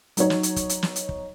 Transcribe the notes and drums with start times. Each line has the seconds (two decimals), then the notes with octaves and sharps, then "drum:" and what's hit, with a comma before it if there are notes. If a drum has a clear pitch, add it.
0.17 F#3 D#4 C#5, drum: hi-hat
0.30 drum: snare
0.43 drum: hi-hat
0.56 drum: kick, hi-hat
0.69 drum: hi-hat
0.83 drum: snare
0.96 drum: hi-hat
1.09 drum: kick